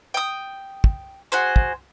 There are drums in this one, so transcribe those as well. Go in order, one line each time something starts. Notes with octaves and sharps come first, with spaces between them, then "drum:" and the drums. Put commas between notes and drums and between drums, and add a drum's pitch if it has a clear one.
G5 D#6
drum: kick
F#4 G#4 C5
drum: kick